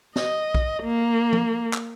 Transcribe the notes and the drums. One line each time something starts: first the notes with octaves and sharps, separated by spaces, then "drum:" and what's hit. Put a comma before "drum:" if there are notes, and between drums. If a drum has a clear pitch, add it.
D#5, drum: snare
drum: kick
A#3
drum: tom F3
drum: clap